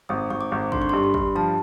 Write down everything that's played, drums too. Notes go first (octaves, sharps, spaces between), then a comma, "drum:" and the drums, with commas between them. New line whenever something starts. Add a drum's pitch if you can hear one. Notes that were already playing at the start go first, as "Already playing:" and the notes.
G#1 D#6
G#1 C#6
D6
G#1
D3 C6, drum: kick
C#6
G2 C6
B5
G2, drum: kick
F3 A5